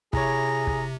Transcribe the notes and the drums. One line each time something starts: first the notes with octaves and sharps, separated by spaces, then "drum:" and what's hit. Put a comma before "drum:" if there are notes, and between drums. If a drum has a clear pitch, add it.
C3 E4 G#4 C#5 A#5, drum: kick
drum: kick